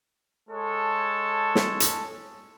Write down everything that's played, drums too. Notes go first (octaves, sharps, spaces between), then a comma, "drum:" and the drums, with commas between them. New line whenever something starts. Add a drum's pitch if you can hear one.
G#3 A4 C#5 A5
drum: snare
drum: hi-hat